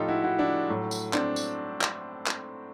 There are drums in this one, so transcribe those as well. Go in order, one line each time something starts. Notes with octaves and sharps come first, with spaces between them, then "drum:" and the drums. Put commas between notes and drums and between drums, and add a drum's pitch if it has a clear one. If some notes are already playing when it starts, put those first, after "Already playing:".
Already playing: A2 F3 D#4 F4 G4 A4
E4 F#4
E4 F#4
D4 E4
A2 F#3
drum: tambourine
C4 D4, drum: clap
drum: tambourine
drum: clap
drum: clap